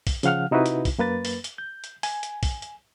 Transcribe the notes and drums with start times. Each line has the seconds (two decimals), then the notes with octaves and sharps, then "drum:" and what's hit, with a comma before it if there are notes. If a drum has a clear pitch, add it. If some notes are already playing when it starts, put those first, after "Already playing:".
0.07 drum: kick A#1, open hi-hat
0.23 C#3 F3 F5 F#5 F6, drum: hi-hat
0.51 C3 D#4 E4 F#4 B4
0.66 drum: hi-hat
0.85 drum: kick A#1, open hi-hat
0.98 F#2 A#3 B4 A6
1.25 drum: open hi-hat
1.44 drum: hi-hat
1.58 G6
1.84 drum: hi-hat
2.03 G#5, drum: open hi-hat
2.23 drum: hi-hat
2.43 drum: kick A#1, open hi-hat
2.62 drum: hi-hat